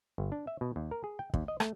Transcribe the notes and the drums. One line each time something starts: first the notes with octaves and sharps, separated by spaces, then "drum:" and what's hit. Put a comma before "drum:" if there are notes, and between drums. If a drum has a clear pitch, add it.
G1
D4
E5
B2
D#2
A#4
G#4
G5
D#2, drum: kick
D#5
A3, drum: rim click